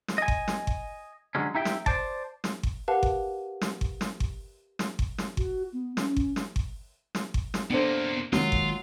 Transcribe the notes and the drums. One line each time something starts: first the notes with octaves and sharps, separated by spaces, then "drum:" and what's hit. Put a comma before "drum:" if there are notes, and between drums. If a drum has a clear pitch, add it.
drum: snare
D#5 G#5
drum: kick G1
drum: snare
drum: kick G1
D3 F#3 G#3 C#4
D#4 E4 G4 E5 G5
drum: snare
C5 D5 A5, drum: kick G1
drum: snare
drum: kick G1
G4 A#4 B4 F5 F#5 A5
drum: kick G1
drum: snare
drum: kick G1
drum: snare
drum: kick G1
drum: snare
drum: kick G1
drum: snare
F#4, drum: kick G1
B3
C#4, drum: snare
drum: kick G1
drum: snare
drum: kick G1
drum: snare
drum: kick G1
drum: snare
C3 A#3 B3 D4 A4 C5
D#3 F#3 G#3 A#3 F4, drum: snare
drum: kick G1